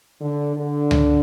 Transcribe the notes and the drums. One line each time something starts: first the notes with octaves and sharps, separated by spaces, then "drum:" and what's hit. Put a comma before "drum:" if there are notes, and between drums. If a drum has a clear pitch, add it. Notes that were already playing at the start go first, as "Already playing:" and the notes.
D3
D3
drum: tom C#2